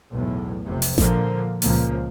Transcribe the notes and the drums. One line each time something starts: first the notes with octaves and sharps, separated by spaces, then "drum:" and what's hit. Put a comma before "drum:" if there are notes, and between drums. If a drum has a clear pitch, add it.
B1 E2 A2
F1 C3
drum: open hi-hat
A#2 D3 F3 A#3, drum: snare A1
C#2 A#2 F3 A#3, drum: open hi-hat